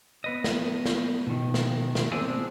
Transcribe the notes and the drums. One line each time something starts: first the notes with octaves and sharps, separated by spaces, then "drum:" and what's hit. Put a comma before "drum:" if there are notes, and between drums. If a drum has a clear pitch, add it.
B3 B4 D#5
drum: snare
drum: snare
B2 D#3
drum: snare
drum: snare
B3 C4 D4 G#4 D5